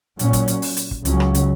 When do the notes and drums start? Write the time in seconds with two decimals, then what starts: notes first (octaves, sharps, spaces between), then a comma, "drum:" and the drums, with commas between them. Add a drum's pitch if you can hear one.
0.19 A#2 F#3 C#4, drum: hi-hat
0.33 drum: kick, hi-hat
0.48 drum: hi-hat
0.62 drum: open hi-hat
0.77 drum: hi-hat
0.91 drum: kick
1.05 C#2 C#3 F#3 C#4, drum: hi-hat
1.20 drum: rim click
1.34 drum: hi-hat